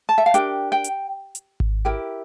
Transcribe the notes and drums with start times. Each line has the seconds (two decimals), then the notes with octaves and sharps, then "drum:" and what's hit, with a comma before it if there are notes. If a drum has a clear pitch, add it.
0.09 A5
0.18 E5
0.26 F5
0.34 D4 G4 A#4 G5, drum: hi-hat
0.72 G5
0.84 drum: hi-hat
1.35 drum: hi-hat
1.60 drum: kick G#1
1.85 E4 G4 A#4